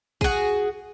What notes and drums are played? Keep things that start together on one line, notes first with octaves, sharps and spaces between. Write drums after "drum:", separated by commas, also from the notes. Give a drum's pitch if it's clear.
F#4 G#4, drum: kick